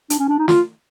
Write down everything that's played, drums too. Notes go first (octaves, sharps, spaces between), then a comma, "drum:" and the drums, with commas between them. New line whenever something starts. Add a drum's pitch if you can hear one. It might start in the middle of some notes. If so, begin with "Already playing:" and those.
D4, drum: hi-hat
C#4
D4
D#4
F4, drum: snare